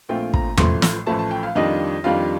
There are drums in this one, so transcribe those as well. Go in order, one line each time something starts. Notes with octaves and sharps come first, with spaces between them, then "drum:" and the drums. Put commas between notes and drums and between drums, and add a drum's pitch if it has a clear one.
A#1 A#2 A3 C4 F4 G5
A#5, drum: kick
A1 A2 F3 A3 C6, drum: tom E2
drum: snare
A1 A2 F3 A3 A5
A5
G5
F5
F2 D#3 G3 D4 F4 D#5
F2 D#3 G3 D4 F4 F5